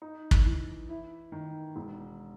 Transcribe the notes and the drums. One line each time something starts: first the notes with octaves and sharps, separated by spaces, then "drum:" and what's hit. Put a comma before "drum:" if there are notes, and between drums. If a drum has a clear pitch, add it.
D#4
drum: kick
E3
E4
D#3
E1